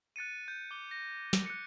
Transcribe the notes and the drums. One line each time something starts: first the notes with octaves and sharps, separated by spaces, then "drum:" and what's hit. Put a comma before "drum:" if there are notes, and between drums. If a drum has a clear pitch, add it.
F#6 A6 C#7 D#7
G6
D6 G7
A#6
drum: snare
F#6 C#7